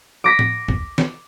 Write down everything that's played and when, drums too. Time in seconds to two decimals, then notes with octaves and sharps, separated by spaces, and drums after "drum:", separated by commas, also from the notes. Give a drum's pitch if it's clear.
0.24 D6 A#6 B6
0.39 drum: tom A2
0.68 drum: kick
0.98 drum: snare